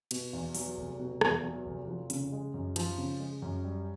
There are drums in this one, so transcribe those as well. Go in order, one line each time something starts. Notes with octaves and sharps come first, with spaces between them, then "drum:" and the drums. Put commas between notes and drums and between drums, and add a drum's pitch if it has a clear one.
B2, drum: cymbal
E2
F#3, drum: open hi-hat
F1
B2
E2, drum: rim click
F#3
F1
F3
C#3, drum: hi-hat
G#3
F#2
F3, drum: cymbal
C#3
G#3
F#2
G3